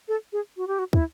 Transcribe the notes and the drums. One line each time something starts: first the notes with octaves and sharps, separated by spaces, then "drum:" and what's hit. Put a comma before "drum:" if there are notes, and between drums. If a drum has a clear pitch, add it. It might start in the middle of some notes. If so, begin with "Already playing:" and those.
A4
G#4
F#4
G4
F#4
E4, drum: kick